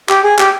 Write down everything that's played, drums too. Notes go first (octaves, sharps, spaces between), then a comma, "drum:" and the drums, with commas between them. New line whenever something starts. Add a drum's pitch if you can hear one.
G4, drum: clap
G#4
G4, drum: clap